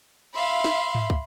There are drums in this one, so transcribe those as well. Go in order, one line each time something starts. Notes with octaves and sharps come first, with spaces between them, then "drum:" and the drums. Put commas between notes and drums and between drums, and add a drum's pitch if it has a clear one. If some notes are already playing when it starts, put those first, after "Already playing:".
E5 F5 B5 C6
drum: snare
drum: tom G#2
drum: kick